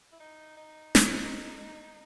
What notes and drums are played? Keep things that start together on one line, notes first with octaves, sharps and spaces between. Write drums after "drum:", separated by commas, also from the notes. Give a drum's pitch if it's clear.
E4
D#4
D#4
drum: snare